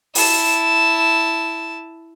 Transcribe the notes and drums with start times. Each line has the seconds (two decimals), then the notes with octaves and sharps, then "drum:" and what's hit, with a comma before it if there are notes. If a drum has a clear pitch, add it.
0.15 E4 A5, drum: open hi-hat